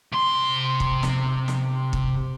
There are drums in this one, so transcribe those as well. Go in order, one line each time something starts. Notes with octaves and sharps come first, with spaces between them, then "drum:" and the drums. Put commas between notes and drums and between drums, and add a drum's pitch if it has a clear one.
C3 C6
drum: kick
drum: snare
drum: snare
drum: kick